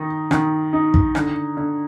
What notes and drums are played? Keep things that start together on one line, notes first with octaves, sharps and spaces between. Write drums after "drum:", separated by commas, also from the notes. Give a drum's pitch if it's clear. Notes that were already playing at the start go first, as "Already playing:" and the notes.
Already playing: D#3 D#4
D#3, drum: rim click
D#4
drum: kick
D3, drum: rim click
D3